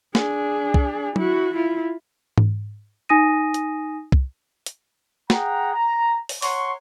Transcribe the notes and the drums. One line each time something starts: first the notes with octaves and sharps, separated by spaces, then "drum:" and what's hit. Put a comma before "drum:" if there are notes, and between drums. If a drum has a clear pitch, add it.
D4 G#4, drum: snare
drum: kick C2
E4 F#4, drum: tom F#3
E4 F4
drum: tom G#2
D#4 G#5 D#6 A#6 D#7
drum: hi-hat
drum: kick C2
drum: hi-hat
G#4 F#5 G5 A#5, drum: snare
A#5
drum: open hi-hat
C#5 F#5 A#5 C6 C#6, drum: open hi-hat